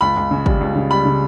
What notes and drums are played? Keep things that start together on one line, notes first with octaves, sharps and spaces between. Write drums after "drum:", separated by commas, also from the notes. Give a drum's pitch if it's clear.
C#2 B5
C#2
C#3
G3, drum: kick
C#2
C#3
G3 B5
C#3